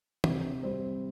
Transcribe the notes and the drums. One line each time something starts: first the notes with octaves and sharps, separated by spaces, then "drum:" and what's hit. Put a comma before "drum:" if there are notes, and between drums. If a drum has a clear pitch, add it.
C3, drum: tom
G3 C4